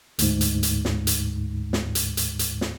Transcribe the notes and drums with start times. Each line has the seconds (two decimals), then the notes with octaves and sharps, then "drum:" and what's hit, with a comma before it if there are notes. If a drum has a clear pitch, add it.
0.19 D2 G#2, drum: hi-hat
0.41 drum: hi-hat
0.63 drum: hi-hat
0.85 drum: snare
1.07 drum: hi-hat
1.73 drum: snare
1.95 drum: hi-hat
2.17 drum: hi-hat
2.39 drum: hi-hat
2.61 drum: snare